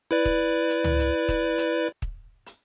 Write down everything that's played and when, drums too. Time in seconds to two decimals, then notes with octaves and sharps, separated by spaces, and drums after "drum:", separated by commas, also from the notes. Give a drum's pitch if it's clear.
0.11 E4 B4 D5
0.25 drum: kick
0.70 drum: hi-hat
0.84 drum: tom C#2
0.99 drum: hi-hat
1.29 drum: kick, hi-hat
1.58 drum: hi-hat
2.02 drum: kick
2.46 drum: hi-hat